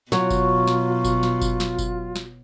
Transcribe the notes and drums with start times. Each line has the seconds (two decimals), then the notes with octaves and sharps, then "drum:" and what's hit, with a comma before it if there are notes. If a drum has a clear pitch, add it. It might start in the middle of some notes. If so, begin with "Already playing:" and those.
0.12 B2 F#3 F4 C#6, drum: snare
0.30 drum: kick F#1, tambourine
0.67 drum: snare
1.04 drum: kick F#1, tambourine
1.23 drum: snare
1.42 drum: kick F#1, tambourine
1.60 drum: snare
1.79 drum: kick F#1, tambourine
2.16 drum: snare